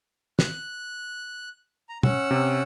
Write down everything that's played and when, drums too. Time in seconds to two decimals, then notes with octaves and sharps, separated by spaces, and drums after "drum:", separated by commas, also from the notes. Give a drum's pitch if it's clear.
0.39 F#6, drum: snare
1.89 A#5
2.03 C#4 F#5 E6, drum: tom B2
2.31 C3